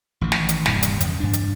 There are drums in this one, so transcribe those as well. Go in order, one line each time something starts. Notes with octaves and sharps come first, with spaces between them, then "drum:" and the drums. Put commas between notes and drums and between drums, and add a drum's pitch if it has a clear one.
A1 D#3 E3
drum: snare
drum: hi-hat
D#1 G2 C3, drum: snare
drum: hi-hat
E2 C#3, drum: hi-hat
G2 D4
drum: hi-hat